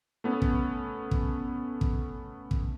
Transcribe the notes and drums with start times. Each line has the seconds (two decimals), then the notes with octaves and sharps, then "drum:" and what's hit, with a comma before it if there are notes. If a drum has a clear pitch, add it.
0.24 A3 B3 C#4
0.42 drum: kick
1.11 drum: kick
1.81 drum: kick
2.51 drum: kick